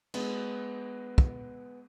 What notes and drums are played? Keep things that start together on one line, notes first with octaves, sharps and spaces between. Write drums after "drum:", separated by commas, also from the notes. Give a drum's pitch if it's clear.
G#3 B3, drum: cymbal
drum: kick